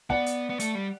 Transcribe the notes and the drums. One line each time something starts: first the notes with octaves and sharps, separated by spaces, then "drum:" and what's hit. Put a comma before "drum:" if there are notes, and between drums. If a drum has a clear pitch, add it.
B3 D5 F#5, drum: kick
drum: hi-hat
B3
A3, drum: hi-hat
G3